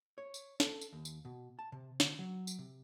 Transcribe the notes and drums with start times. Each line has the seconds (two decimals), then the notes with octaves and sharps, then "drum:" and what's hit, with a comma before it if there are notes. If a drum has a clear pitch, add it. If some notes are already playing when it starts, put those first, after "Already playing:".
0.18 C#5
0.34 drum: tambourine
0.60 A4, drum: snare
0.81 drum: tambourine
0.93 D#2
1.05 drum: tambourine
1.25 B2
1.59 A5
1.72 C3
2.00 D3, drum: snare
2.19 F#3
2.47 drum: tambourine
2.59 C3